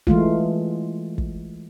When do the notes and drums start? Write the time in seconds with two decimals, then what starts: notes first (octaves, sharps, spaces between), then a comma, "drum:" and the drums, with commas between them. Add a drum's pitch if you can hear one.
0.07 E3 G#3 A3 F4, drum: kick
1.18 drum: kick